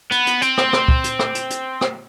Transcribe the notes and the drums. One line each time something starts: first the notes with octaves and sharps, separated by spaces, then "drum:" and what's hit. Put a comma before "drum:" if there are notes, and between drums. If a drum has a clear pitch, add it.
B3, drum: hi-hat
drum: hi-hat
C4, drum: hi-hat
drum: rim click
drum: rim click
drum: kick
drum: hi-hat
drum: rim click
drum: hi-hat
drum: hi-hat
drum: rim click